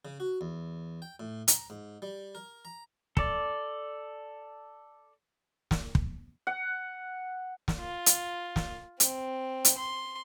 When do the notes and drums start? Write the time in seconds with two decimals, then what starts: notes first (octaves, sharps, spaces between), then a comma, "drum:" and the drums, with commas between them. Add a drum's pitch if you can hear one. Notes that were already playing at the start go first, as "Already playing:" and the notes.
0.05 C#3
0.20 F#4
0.41 E2
1.02 G5
1.20 A2
1.48 A#5, drum: hi-hat
1.70 G#2
2.02 G3
2.35 A#4
2.65 A#5
3.17 A4 D5, drum: kick
5.71 drum: snare
5.95 drum: kick
6.47 F#5
7.68 drum: snare
7.79 F4
8.06 drum: hi-hat
8.56 drum: snare
9.00 C4, drum: hi-hat
9.65 drum: hi-hat
9.77 C6